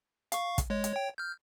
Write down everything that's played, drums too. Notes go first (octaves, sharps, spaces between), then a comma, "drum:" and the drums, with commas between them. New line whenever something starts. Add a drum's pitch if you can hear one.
F5 C#6, drum: hi-hat
drum: kick, hi-hat
G#3 C#5
drum: hi-hat
C#5 G5
F6 G6